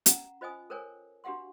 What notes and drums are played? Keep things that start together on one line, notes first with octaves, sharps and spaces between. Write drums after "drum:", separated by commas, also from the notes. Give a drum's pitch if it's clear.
C#4 F#5 A#5, drum: hi-hat
F4 C5 D#5 G5 G#5 D#6
A4 A#4 C5 C#5 G5 G#5
D4 F#4 G4 F5 F#5 C6